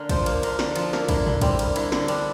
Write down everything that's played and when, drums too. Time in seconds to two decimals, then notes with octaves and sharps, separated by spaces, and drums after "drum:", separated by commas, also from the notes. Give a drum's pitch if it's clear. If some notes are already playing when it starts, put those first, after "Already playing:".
Already playing: D3 A#3 A#4
0.09 F3 C5, drum: kick, cymbal
0.26 A#3, drum: cymbal
0.43 D3 A#4, drum: cymbal
0.59 D3, drum: snare
0.76 F3 A4, drum: cymbal
0.93 A#3, drum: snare
1.09 D3 E4, drum: kick, cymbal
1.26 D3, drum: tom
1.41 G3 C4, drum: kick, cymbal
1.59 A#3, drum: cymbal
1.76 D3 E4, drum: cymbal
1.92 D3, drum: snare
2.08 G3 D4, drum: cymbal